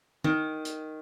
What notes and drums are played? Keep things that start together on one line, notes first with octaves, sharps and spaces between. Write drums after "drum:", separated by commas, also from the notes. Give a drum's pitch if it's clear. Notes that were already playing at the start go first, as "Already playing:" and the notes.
D#3, drum: tom
drum: hi-hat